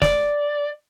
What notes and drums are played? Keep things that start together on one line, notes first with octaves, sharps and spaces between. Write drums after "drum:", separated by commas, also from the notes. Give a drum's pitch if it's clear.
D5, drum: snare